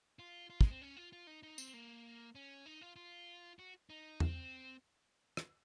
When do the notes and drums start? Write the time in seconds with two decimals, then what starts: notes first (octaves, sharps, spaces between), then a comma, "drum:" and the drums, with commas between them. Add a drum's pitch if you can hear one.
0.19 F4
0.50 F4
0.61 G#3, drum: kick
0.70 C4
0.82 C#4
0.97 F4
1.13 F4
1.27 D#4
1.43 D#4
1.58 C4, drum: tambourine
1.74 A#3
2.35 C#4
2.66 D#4
2.81 F4
2.96 F4
3.59 F#4
3.90 D#4
4.20 C4, drum: tom E2
5.37 drum: rim click